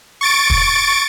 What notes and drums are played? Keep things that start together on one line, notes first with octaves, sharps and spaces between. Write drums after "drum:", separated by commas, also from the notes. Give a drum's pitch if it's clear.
C#6 A6 D7
drum: kick